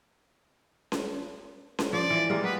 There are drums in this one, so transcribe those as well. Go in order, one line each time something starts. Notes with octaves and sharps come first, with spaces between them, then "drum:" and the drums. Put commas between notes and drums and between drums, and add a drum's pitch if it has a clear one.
drum: snare C#4
drum: snare C#4
F3 D5
E3
G3 G#3 A#3
B3 B4